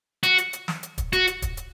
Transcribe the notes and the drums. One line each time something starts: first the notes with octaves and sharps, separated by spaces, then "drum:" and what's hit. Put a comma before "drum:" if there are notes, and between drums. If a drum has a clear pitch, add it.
F#4, drum: hi-hat
drum: hi-hat
drum: hi-hat
drum: snare
drum: hi-hat
drum: kick, hi-hat
F#4, drum: hi-hat
drum: hi-hat
drum: kick, hi-hat
drum: hi-hat